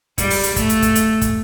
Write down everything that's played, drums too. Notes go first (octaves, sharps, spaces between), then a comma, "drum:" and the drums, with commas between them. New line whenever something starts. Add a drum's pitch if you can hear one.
G3, drum: kick, hi-hat
drum: open hi-hat
drum: hi-hat
A3, drum: kick, hi-hat
drum: hi-hat
drum: kick, hi-hat
drum: hi-hat
drum: kick, hi-hat